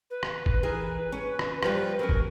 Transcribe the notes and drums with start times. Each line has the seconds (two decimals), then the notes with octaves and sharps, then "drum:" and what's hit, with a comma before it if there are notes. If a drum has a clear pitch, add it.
0.11 B4
0.23 drum: rim click
0.46 drum: kick
0.63 E3 G#4 A#4 B4
1.12 C#4
1.39 drum: rim click
1.63 F3 G3 B4, drum: rim click
1.99 F#3 C#4 A#4
2.09 drum: kick